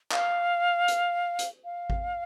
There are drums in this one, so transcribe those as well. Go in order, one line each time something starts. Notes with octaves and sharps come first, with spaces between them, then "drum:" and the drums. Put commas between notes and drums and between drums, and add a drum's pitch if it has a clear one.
F5, drum: clap
drum: hi-hat
drum: hi-hat
F5
drum: kick G#1